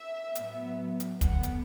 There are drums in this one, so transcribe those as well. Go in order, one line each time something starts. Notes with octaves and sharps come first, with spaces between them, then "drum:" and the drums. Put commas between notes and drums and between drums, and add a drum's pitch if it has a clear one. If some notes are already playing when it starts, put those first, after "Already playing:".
Already playing: E5
A2 F#3 B3, drum: hi-hat
drum: hi-hat
D3 B3 F#5, drum: kick, hi-hat
drum: hi-hat